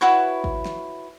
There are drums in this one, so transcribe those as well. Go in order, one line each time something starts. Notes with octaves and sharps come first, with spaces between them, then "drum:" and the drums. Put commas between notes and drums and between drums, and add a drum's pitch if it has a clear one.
E4 F#4 B4 C#5
drum: kick G#1
drum: snare